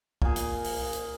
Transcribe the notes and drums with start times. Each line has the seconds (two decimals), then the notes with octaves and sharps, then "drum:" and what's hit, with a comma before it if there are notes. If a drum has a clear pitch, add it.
0.22 A#2 G#4, drum: kick
0.36 drum: hi-hat
0.64 drum: open hi-hat
0.93 drum: hi-hat